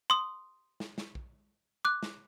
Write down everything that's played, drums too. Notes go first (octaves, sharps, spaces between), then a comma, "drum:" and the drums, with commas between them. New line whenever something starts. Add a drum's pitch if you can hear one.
C6 D#6
drum: snare
drum: snare
drum: kick A#1
D6 F#6
drum: snare